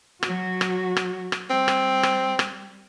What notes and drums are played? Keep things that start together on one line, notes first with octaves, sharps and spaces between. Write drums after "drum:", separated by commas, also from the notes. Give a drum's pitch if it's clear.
F#3 F#4, drum: rim click
drum: rim click
drum: rim click
drum: rim click
G3 C4
drum: rim click
drum: rim click
drum: rim click